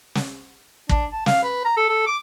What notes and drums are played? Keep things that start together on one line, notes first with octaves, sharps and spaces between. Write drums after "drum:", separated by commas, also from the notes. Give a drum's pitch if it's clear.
drum: snare
D4, drum: kick
A5
F5, drum: snare
B4
A#5
A4
A4
D6